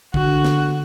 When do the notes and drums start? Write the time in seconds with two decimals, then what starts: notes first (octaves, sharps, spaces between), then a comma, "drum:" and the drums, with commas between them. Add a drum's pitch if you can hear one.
0.14 D3 F#4, drum: kick
0.45 drum: snare